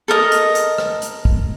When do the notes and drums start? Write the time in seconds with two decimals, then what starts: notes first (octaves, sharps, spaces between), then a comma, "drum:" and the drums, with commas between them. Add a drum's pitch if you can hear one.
0.08 A4 A#4 D#5
0.32 drum: hi-hat
0.55 drum: hi-hat
0.78 drum: rim click
1.02 drum: hi-hat
1.25 drum: kick